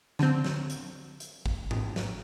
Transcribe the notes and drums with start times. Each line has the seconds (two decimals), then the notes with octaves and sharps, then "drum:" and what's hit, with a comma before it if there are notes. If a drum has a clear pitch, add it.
0.19 D3 C4, drum: snare
0.44 drum: snare
0.70 drum: hi-hat
1.20 drum: hi-hat
1.46 drum: kick G#1
1.71 drum: tom G#2
1.96 drum: snare